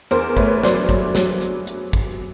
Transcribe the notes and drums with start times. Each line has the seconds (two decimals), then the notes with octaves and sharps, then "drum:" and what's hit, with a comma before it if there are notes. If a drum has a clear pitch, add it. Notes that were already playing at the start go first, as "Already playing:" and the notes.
0.11 E2 A#4 C5, drum: hi-hat
0.37 A3 B4 C#5, drum: kick, hi-hat
0.63 F#3 C5 D5, drum: snare
0.89 F#3, drum: kick, hi-hat
1.15 F#3, drum: snare
1.41 drum: hi-hat
1.67 drum: hi-hat
1.93 drum: kick, hi-hat